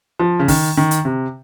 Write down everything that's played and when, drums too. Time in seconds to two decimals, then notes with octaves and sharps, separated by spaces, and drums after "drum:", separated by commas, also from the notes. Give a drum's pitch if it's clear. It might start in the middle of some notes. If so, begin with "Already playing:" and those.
0.19 F3
0.39 C#3
0.48 D#3, drum: kick, open hi-hat
0.77 D#3
0.91 drum: hi-hat
1.05 C3